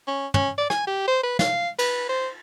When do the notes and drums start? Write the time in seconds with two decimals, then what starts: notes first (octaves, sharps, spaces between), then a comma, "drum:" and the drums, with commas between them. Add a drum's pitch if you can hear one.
0.08 C#4
0.34 C#4, drum: tom
0.58 D5
0.70 G#5, drum: rim click
0.87 G4
1.08 C5
1.23 B4
1.39 F5, drum: snare
1.79 B4, drum: cymbal
2.09 C5